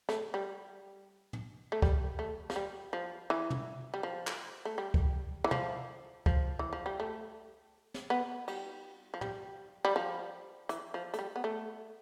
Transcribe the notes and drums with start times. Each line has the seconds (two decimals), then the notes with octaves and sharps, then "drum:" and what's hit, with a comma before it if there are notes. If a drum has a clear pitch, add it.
0.09 A3, drum: snare
0.34 G3
1.33 drum: tom
1.72 A3
1.82 G3, drum: kick C#2
2.19 A3
2.50 F3, drum: snare
2.56 G3
2.93 F3
3.30 E3
3.50 drum: tom
3.94 G3
4.03 F3
4.27 drum: clap
4.65 A3
4.78 G3
4.94 drum: kick C#2
5.44 E3
5.51 F3, drum: tom
6.26 F3, drum: kick C#2
6.59 E3
6.73 F3
6.86 G3
7.00 A3
7.94 drum: snare
8.10 B3
8.48 G3, drum: cymbal
9.14 F3
9.21 G3, drum: tom
9.85 G3
9.96 F3
10.69 E3, drum: hi-hat
10.94 F3
11.14 A3, drum: hi-hat
11.19 G3
11.36 B3
11.44 A3